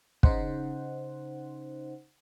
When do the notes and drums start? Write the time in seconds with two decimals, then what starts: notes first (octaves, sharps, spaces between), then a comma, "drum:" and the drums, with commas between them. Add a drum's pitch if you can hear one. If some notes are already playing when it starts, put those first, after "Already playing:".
0.23 C#3 D#4 C5 F#5, drum: kick